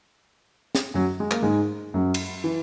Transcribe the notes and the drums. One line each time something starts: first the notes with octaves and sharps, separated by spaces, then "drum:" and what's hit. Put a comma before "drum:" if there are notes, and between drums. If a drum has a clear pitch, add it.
drum: snare
F#2 F#3
G#3
A#3, drum: clap
G#2 G#3
F#2 F#3
drum: cymbal
E3